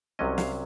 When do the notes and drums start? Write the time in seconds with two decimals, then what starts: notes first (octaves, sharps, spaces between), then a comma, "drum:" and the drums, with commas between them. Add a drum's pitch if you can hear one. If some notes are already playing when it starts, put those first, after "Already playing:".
0.19 C2 C3 F#3 C#4 D#5
0.38 F5, drum: snare